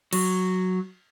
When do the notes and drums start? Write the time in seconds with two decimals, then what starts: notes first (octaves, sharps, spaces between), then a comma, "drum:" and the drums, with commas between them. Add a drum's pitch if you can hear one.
0.13 F#3, drum: cymbal